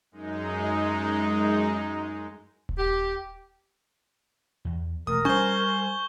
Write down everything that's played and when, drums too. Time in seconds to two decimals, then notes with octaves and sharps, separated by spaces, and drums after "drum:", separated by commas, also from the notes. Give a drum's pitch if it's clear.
0.11 F#2 G#3 D#4
2.69 drum: kick D#1
2.79 G4
4.65 E2
5.07 E1 A3 A#4 D#6
5.25 G3 C5 G#5 C#6 G6 G7, drum: tom C#4